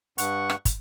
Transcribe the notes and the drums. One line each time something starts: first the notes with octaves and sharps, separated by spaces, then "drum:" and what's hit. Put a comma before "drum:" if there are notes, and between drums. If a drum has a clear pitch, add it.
G2 F#5 C#6, drum: hi-hat
drum: rim click
drum: kick, hi-hat